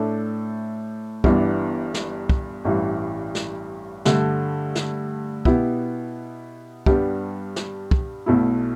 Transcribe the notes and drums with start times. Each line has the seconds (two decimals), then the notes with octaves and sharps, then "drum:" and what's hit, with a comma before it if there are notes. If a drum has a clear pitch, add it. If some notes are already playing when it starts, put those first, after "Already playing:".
Already playing: A2 A3 D4 A4
1.24 G1 G2 E3 B3 D4, drum: kick
1.94 drum: snare
2.29 drum: kick
2.65 A1 G2 E3
3.35 drum: snare
4.05 G2 D3 A3, drum: snare
4.75 drum: snare
5.45 B2 B3 E4 G4, drum: kick
6.86 G2 G3 B3 D4 G4, drum: kick
7.56 drum: snare
7.91 drum: kick
8.26 B1 B2 A3 E4